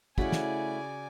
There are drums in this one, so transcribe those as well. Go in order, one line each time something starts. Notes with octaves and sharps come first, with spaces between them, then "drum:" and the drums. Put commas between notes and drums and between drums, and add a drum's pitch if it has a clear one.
C#3 A3 E4 F#4 D5 G#5 B5, drum: kick
drum: snare